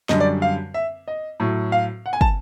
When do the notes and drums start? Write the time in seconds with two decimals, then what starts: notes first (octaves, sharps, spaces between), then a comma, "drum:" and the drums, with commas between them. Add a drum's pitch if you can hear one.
0.09 F#2 D3 G3 D#5, drum: snare
0.20 D5
0.42 F5
0.74 E5
1.08 D#5
1.40 A2 F#3
1.72 F5
2.06 F#5
2.13 G#5
2.21 A5, drum: kick